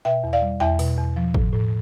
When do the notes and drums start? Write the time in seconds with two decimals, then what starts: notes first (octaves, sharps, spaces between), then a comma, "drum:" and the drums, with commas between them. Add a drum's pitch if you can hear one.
0.05 B2 E5 G5
0.24 E2
0.33 D5 F5
0.42 G3
0.60 E2 E5 G5
0.79 B2, drum: open hi-hat
0.98 E2
1.16 F3
1.34 A2, drum: kick
1.53 A2